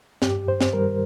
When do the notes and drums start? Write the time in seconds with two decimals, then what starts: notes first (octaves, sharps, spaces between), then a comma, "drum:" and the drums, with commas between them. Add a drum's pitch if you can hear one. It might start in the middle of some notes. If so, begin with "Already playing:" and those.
0.22 G2 G4, drum: snare
0.47 G2 C5
0.61 drum: snare
0.73 G3 A#4